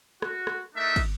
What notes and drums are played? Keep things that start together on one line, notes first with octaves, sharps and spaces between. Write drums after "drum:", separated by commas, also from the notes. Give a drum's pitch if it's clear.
F#4, drum: rim click
drum: rim click
A3 D4 D#4 A#4 E5
drum: kick, cymbal